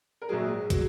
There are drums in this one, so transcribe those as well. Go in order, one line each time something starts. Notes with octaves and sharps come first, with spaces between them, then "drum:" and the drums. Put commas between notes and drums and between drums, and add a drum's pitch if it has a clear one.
A#4
A#1 G#2 F#3 G#4
F#3, drum: kick, hi-hat